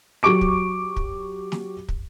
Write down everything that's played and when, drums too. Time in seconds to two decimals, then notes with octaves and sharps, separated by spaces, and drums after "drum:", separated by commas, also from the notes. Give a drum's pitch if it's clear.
0.23 F#3 G4 C#6 D6 D7
0.41 drum: kick
0.97 drum: kick
1.52 drum: snare
1.89 drum: kick